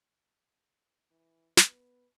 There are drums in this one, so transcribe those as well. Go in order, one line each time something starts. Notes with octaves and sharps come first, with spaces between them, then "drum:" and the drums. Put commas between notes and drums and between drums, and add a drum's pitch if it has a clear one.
E3
B3 B4, drum: snare